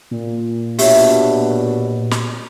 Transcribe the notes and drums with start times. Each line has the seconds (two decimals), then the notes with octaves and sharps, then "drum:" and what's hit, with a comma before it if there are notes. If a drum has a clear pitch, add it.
0.11 A#2
0.79 B2 D4 G4 C#5 E5, drum: open hi-hat
2.11 drum: snare